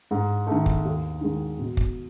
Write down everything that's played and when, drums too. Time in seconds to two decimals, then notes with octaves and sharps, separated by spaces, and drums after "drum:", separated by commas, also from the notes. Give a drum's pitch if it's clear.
0.11 G#2
0.47 D#3 A3
0.66 drum: kick
0.85 D#2
1.21 D#3 G#3
1.59 B2
1.77 drum: kick